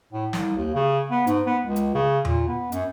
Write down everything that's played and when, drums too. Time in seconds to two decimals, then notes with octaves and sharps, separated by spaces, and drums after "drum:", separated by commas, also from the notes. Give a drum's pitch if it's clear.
0.12 A2
0.33 C2, drum: snare
0.57 D#2
0.75 C#3
1.10 B3
1.27 G#2, drum: hi-hat
1.46 B3
1.65 C#2
1.76 drum: hi-hat
1.94 C#3
2.25 A#2, drum: tom E2
2.48 B3
2.72 F#2, drum: hi-hat